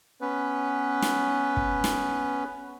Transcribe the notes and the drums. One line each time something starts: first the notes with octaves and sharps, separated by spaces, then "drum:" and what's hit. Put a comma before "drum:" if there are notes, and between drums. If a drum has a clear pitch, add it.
B3 C#4 B4
drum: snare
drum: kick
drum: snare